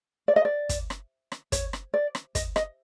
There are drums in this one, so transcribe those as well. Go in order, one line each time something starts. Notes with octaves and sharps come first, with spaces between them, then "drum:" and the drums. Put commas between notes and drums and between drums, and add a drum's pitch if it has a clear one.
D5
D#5
D5
drum: kick, hi-hat
drum: rim click
drum: rim click
C#5, drum: kick, hi-hat
drum: rim click
D5
drum: rim click
D#5, drum: kick, hi-hat
D#5, drum: rim click